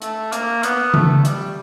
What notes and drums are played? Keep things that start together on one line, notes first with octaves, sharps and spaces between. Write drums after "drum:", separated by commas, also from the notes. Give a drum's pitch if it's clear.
A3, drum: hi-hat
A#3, drum: hi-hat
B3, drum: hi-hat
A3, drum: tom C#3
G3, drum: hi-hat